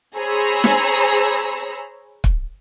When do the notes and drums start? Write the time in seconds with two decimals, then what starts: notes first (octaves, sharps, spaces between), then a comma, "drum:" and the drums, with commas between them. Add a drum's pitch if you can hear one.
0.16 G#4 C5 C#5 A#5 B5 E6
0.64 drum: snare
2.24 drum: kick